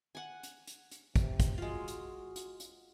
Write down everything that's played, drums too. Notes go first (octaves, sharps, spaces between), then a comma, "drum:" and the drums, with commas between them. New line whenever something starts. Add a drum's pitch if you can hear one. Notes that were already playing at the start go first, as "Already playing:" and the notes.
F#5 G#5
drum: hi-hat
drum: hi-hat
drum: hi-hat
C3, drum: kick, hi-hat
drum: kick, hi-hat
G#3 F4 F#4
drum: hi-hat
drum: hi-hat
drum: hi-hat